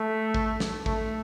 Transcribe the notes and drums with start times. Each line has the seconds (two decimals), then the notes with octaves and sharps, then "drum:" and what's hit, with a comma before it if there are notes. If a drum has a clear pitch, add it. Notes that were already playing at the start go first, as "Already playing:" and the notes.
Already playing: A3
0.34 drum: kick
0.60 drum: snare
0.86 A3, drum: kick